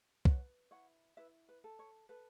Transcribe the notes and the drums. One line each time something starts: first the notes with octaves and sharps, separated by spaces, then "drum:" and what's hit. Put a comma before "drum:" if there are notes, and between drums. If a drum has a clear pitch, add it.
B4 C#5 F#5, drum: kick
E4 C#5 F#5
E4 B4 E5
B4
A4
C#5
A4 B4